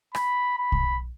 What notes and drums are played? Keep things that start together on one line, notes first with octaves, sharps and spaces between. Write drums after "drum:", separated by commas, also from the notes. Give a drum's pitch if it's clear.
B5, drum: rim click
B5
drum: kick